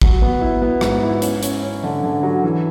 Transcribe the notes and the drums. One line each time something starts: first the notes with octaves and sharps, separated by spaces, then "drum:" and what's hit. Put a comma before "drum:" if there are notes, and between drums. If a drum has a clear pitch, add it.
F#3, drum: kick A1
B3
E4
B3
G#2, drum: rim click
E4
C#4, drum: hi-hat
C#4, drum: hi-hat
C#4
D3
D3
F#3
E3